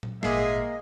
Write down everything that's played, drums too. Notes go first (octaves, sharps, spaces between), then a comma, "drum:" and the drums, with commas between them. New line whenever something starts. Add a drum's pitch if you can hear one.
drum: tom A#2
G#1 A#2 G#3 A#3 G#4 D#5 E5 C7, drum: snare